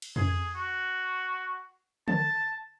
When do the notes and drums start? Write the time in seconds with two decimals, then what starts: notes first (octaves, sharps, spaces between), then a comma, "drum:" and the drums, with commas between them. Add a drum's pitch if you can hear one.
0.02 drum: cymbal
0.16 G#4, drum: tom F2
0.55 F#4
2.08 A5, drum: tom D3